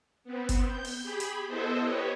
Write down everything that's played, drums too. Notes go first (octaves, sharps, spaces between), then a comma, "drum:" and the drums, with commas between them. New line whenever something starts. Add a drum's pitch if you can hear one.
B3 C4
drum: kick F#1, hi-hat
G6
drum: open hi-hat
G4 G#4 B5
drum: hi-hat
B3 E4 A4 C5 D#5 E5
G4 B4 C#5 D#5